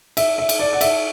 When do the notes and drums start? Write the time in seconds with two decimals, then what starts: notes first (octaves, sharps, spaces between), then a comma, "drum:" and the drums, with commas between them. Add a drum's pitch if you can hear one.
0.17 E5, drum: cymbal
0.38 E5
0.49 drum: cymbal
0.60 D5
0.73 F#5
0.81 E5, drum: cymbal